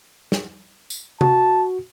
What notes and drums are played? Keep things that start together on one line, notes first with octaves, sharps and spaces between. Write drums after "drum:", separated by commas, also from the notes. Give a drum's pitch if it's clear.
drum: snare
drum: tambourine
F#4 A5, drum: tom C3